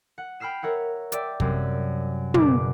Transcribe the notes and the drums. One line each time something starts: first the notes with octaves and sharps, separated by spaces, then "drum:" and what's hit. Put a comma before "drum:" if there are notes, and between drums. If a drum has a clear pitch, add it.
F#5
G5 B5 F6 C7 E7
A#4 C#5 E5 F#5
D5 E5 G5, drum: hi-hat
F#2 C3 G3 C4, drum: kick
F#1 B2 B4 D6, drum: tom